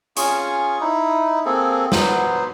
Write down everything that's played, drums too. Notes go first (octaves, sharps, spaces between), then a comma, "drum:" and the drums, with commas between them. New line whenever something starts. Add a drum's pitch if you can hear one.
C#4 F4 G#4 C#6, drum: hi-hat
D#4 E4
A#3 C4 G#4 A4
F#3 B3 C5, drum: snare